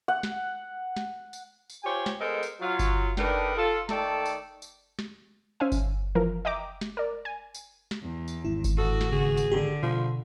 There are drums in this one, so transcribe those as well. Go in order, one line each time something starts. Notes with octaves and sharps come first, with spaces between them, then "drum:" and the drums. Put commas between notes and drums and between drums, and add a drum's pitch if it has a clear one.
F#5
drum: snare
drum: snare
drum: tambourine
drum: tambourine
F4 G4 C5 C#5 G5 G#5
drum: snare
G#3 B3 A4 A#4 C5 D#5
drum: tambourine
F#3 F4
drum: kick G1, tambourine
D3 D4 D#4 A#4 B4 G5, drum: snare
F4 A4
D#3 A3 A4 D5 G5 A5, drum: snare
drum: tambourine
drum: tambourine
drum: snare
C#4 C5 E5 F5 G#5
drum: kick G1, tambourine
E3 F3 A#4
D#5 E5 G5 A#5 D6
drum: snare
A#4 D5
G#5
drum: tambourine
drum: snare
E2
drum: tambourine
G#1 E4
drum: kick G1, tambourine
F#4 A4
drum: snare
C#3 G#4
drum: tambourine
D3 G4
B2 F3